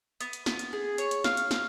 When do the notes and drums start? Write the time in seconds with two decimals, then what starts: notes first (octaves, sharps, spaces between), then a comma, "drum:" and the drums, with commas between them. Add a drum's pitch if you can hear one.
0.21 B3, drum: hi-hat
0.33 drum: hi-hat
0.46 B3, drum: snare
0.59 drum: hi-hat
0.73 G#4
0.98 C#5, drum: hi-hat
1.11 drum: hi-hat
1.24 F5, drum: snare
1.37 drum: hi-hat
1.51 F5, drum: snare